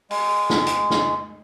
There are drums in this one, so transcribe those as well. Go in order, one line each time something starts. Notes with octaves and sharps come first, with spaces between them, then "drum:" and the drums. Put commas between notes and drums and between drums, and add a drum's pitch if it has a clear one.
G#3, drum: open hi-hat
drum: snare
drum: hi-hat
drum: snare